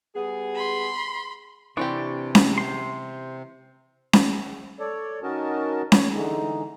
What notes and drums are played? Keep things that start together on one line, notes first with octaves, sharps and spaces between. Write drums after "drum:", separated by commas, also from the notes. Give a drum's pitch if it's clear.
G3 B3 G#4
B5 C6
C3 E3 C4 D4 G4 D5 C#6
drum: snare C#4
C5 C6
drum: snare C#4
A4 C#5 D5
D#3 C#4 F#4 A#4 D#5 A5
C#5, drum: snare C#4
D3 E3 G#3 D#4